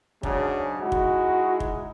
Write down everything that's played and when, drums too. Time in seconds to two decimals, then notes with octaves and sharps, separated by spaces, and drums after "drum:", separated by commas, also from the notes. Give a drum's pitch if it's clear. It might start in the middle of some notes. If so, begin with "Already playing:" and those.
0.23 G#2 C#3 F#3 D4, drum: kick
0.81 G#3 D#4 E4 F#4
0.92 drum: kick
1.60 drum: kick